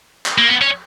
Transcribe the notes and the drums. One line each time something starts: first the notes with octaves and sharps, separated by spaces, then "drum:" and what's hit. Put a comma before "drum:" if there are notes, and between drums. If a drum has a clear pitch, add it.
drum: clap
A#3
B3
C#4